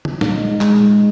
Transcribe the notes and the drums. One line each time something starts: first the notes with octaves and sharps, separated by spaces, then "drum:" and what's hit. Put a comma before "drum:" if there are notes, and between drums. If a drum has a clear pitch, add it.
drum: tom
A#2 D#4, drum: snare
G#3
G#3, drum: clap
A#2